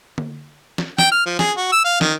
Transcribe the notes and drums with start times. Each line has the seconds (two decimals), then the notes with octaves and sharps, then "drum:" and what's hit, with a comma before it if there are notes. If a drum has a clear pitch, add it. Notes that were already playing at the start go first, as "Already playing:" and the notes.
0.18 drum: tom
0.78 drum: snare
0.98 G5, drum: snare
1.12 F6
1.26 F3
1.39 G#4, drum: snare
1.57 F#4
1.72 E6
1.84 F5
2.01 D#3, drum: snare